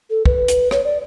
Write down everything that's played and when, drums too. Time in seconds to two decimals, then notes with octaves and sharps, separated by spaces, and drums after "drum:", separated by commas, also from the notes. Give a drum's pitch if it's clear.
0.10 A4
0.26 B4, drum: kick
0.48 drum: hi-hat
0.71 C#5, drum: rim click
0.85 D5